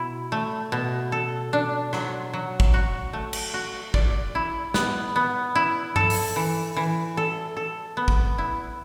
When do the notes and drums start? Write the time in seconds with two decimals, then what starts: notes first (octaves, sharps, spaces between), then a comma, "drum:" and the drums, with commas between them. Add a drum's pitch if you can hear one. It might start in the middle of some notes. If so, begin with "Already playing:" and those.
Already playing: B2 E4
0.32 A3
0.72 B2
1.12 A4
1.53 D4
1.93 F#3, drum: rim click
2.33 F#3
2.60 drum: kick
2.74 F#4
3.13 A3
3.33 drum: cymbal
3.54 F#4
3.94 D5, drum: kick
4.35 E4
4.74 B3, drum: snare
5.16 B3
5.55 E4
5.96 A4, drum: tom G2
6.10 drum: open hi-hat
6.36 E3
6.77 E3
7.17 A4
7.57 A4
7.97 B3
8.08 drum: kick
8.38 E4